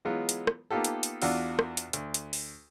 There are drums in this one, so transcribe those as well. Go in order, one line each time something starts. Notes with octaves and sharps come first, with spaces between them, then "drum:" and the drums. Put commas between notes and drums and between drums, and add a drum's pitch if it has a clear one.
E3 F#3 G#3 B3 F4
drum: hi-hat
drum: rim click
A#3 B3 D#4 F4 G4 A4
drum: hi-hat
drum: hi-hat
E2 D4 F4 F#4 E6, drum: open hi-hat
drum: rim click
drum: hi-hat
D2, drum: hi-hat
drum: hi-hat
drum: open hi-hat